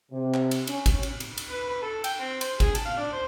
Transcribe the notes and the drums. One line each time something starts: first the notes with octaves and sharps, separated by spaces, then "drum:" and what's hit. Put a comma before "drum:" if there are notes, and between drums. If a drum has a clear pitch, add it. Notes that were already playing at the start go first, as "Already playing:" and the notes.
C3
drum: clap
drum: cymbal
C#4, drum: cymbal
drum: kick G#1, cymbal
drum: cymbal
drum: cymbal
drum: cymbal
B4
B4
A4
G5, drum: cymbal
C4
C5, drum: cymbal
G#4, drum: kick G#1, cymbal
A5, drum: cymbal
F5
D4
C5